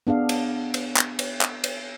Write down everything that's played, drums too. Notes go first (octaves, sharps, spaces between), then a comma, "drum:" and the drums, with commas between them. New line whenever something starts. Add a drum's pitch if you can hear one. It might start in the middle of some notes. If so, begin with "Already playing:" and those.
B3 D4 G#4 F5
drum: cymbal
drum: cymbal
drum: clap
drum: cymbal
drum: clap
drum: cymbal